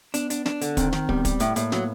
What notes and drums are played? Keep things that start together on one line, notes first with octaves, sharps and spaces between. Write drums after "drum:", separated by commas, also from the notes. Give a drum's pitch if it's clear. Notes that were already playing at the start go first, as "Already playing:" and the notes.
B3 D4, drum: hi-hat
D4, drum: hi-hat
D4, drum: snare
D3, drum: hi-hat
D#3 C4, drum: kick, hi-hat
D#3, drum: snare
G3 B3, drum: kick
G3, drum: kick, hi-hat
A2 A3, drum: hi-hat
A2 A#3, drum: hi-hat
F#3 B3, drum: snare